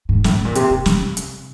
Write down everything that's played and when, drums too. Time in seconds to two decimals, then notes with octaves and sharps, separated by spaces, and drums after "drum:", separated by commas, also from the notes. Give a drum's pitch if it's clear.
0.09 G#2
0.24 A2, drum: snare
0.35 A2
0.45 A#2
0.55 C3, drum: hi-hat
0.70 C3
0.86 C3, drum: snare
1.17 drum: hi-hat